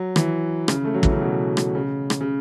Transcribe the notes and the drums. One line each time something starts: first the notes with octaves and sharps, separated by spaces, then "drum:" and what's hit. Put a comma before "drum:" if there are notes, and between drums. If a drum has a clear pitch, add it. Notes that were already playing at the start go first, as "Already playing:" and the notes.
Already playing: F#3
E3, drum: rim click
C#3, drum: rim click
A3
F#3
E3, drum: kick
C#3
B2
drum: rim click
C#3
drum: rim click
C#3